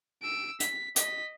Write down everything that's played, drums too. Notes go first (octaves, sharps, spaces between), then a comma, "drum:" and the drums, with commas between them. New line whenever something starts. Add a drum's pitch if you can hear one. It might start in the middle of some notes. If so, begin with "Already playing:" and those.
E6 D7
B6, drum: hi-hat
D#5 B6, drum: hi-hat